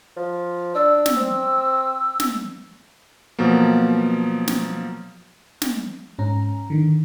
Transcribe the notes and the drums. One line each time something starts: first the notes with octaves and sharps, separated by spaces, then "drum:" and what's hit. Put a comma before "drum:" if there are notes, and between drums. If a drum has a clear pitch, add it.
F3
D4 E6
drum: snare
C4
drum: snare
B2 F3 F#3 A#3
drum: snare
drum: snare
G#2 C#4 A#5
D3 D#3